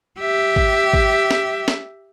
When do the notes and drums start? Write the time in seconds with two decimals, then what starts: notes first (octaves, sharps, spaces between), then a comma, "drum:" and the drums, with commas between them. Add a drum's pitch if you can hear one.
0.19 G4 E5
0.56 drum: kick G#1
0.93 drum: kick G#1
1.31 drum: snare
1.68 drum: snare